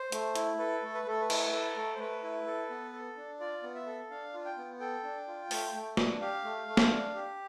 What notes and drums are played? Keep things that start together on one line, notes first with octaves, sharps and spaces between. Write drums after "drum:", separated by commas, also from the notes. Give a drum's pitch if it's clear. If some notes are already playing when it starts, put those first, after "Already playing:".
Already playing: C5
A3, drum: hi-hat
E4, drum: hi-hat
A4 B4
A3
B4
A3 A4
B4
E4, drum: cymbal
A4
A3
C5
A3 B4
E4
A4
B3
A4
D4
F4 D5
B3
E5
A4
D4 F5
F4
G5
B3
A4 G5
D4
F4
A3, drum: open hi-hat
A3
D4, drum: snare
G4 F5
A3
A3
drum: snare
D4
G4